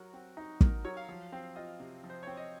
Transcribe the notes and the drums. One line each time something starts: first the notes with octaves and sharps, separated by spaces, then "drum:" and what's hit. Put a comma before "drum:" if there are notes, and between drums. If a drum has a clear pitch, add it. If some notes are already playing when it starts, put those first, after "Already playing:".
Already playing: F#3 F#4 A#4
C4
D#4
A#4, drum: kick
F#3 C#5
F5
F3
C4
F4 D#5
C3
F3
C5
C4 C#5
D#5